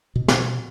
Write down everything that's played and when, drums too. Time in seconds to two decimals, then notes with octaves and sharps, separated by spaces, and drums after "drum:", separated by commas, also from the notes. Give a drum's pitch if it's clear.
0.16 B2
0.28 drum: snare